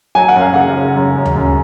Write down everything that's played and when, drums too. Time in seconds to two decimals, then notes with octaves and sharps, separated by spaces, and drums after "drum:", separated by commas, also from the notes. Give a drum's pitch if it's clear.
0.15 F#3 G#5
0.28 F#5
0.36 F#2 F5
0.54 C#3 F#5
0.76 C#3
0.96 F#2
1.16 F#2
1.26 drum: tom D2
1.36 F#2